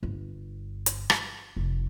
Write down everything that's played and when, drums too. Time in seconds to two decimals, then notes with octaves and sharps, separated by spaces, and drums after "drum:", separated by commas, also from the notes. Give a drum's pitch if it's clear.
0.03 G1
0.86 drum: hi-hat
1.10 drum: rim click
1.56 F1